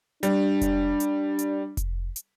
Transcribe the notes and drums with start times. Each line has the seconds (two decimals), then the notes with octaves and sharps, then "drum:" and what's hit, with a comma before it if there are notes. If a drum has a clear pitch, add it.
0.23 G3 D4, drum: hi-hat
0.61 drum: kick F1, hi-hat
1.00 drum: hi-hat
1.39 drum: hi-hat
1.77 drum: kick F1, hi-hat
2.16 drum: hi-hat